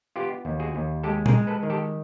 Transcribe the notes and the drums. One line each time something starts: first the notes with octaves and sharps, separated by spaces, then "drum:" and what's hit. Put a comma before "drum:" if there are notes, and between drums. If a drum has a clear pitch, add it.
B3 F4 G4
D#2
F#4 G#4
D#2
G#3 G4 A4
G#4 A#4, drum: tom A#2
G#3
A4 B4
D#3
G4 A4